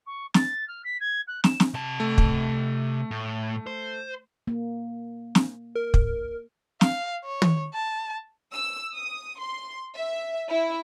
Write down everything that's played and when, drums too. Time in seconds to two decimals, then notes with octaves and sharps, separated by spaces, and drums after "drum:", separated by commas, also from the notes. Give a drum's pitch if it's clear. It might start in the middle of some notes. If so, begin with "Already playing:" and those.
0.06 C#6
0.34 A6, drum: snare
0.68 F6
0.84 B6
1.00 G#6
1.27 F#6
1.44 E7, drum: snare
1.60 drum: snare
1.74 C3 A5
2.00 A3
2.18 drum: kick
3.11 A2
3.67 C5
4.47 A#3
5.35 drum: snare
5.75 A#4
5.94 drum: kick
6.81 F5, drum: snare
7.24 C#5
7.42 drum: tom
7.74 A5
8.53 E6
8.95 D#6
9.40 C6
9.95 E5
10.49 E4